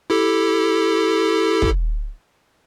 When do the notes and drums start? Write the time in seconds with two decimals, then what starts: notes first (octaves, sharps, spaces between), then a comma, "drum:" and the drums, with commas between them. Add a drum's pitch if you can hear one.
0.10 E4 G4 A4
1.62 drum: kick